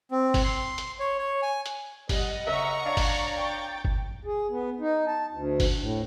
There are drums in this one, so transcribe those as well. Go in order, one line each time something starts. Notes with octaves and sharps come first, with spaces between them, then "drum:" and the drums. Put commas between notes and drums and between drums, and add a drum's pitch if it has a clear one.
C4
drum: kick G1, open hi-hat
C6
drum: hi-hat
C#5
C#5
G#5
drum: hi-hat
G3 D#5 F#5, drum: kick G1, open hi-hat
C#3 A#4 E5 A#5 C#6
D4 C#5 D5 F5
drum: kick G1, open hi-hat
G5 A6
drum: kick G1
G#4
B3
D#4
A5
D2
drum: kick G1, open hi-hat
A2